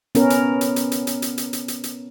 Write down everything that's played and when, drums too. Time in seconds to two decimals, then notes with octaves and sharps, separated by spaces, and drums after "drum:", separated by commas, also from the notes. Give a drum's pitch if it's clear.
0.15 B3 C#4 A#4, drum: hi-hat
0.30 drum: hi-hat
0.61 drum: hi-hat
0.76 drum: hi-hat
0.92 drum: hi-hat
1.07 drum: hi-hat
1.22 drum: hi-hat
1.38 drum: hi-hat
1.53 drum: hi-hat
1.68 drum: hi-hat
1.84 drum: hi-hat